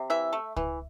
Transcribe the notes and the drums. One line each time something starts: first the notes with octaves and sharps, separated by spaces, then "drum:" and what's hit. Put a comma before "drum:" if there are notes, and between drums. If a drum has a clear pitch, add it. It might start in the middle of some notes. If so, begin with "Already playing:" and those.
Already playing: C3
E3 E5
A3
E3, drum: kick C#2